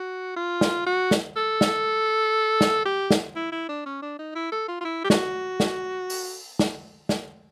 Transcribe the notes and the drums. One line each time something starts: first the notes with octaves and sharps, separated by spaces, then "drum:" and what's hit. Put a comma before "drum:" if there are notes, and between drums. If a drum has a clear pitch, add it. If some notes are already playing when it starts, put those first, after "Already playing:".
Already playing: F#4
F4
drum: snare
F#4
drum: snare
A4
drum: snare
drum: snare
G4
drum: snare
E4
E4
D4
C#4
D4
D#4
E4
A4
F4
F4
E4
G4
F#4, drum: snare
drum: snare
drum: open hi-hat
drum: snare
drum: snare